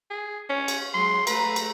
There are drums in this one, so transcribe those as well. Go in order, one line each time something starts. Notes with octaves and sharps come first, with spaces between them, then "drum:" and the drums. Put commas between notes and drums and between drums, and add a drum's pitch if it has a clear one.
G#4
C#4
drum: cymbal
F#3 G#3 C6
A3 B4 A#5, drum: cymbal
drum: cymbal